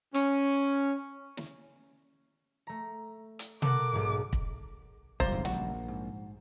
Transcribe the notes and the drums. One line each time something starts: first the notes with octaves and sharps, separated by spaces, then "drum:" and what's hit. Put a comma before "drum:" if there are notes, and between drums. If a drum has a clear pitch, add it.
C#4, drum: hi-hat
drum: snare
A3 A#5
drum: hi-hat
A4 A#4 F#5 D6, drum: tom
B1 G#2
drum: kick
C#2 F#2 G3 F4 C5 A#5, drum: kick
G1 F2 G#2
A#1 F#4, drum: snare
G#2